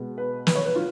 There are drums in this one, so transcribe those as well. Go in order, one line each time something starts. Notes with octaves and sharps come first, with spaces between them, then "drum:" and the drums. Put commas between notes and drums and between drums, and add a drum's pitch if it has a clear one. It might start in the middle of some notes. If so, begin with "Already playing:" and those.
Already playing: B2 G#3 B3
B4
B4, drum: snare
C#5
B4
F4